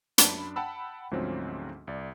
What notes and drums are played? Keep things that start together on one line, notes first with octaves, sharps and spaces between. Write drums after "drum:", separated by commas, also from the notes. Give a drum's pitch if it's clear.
F#2 D4 D5 A5 B5, drum: hi-hat
F#5 G5 A5 B5 E6
D2 G#2 F3 F#3 C4 C#4
C2 D5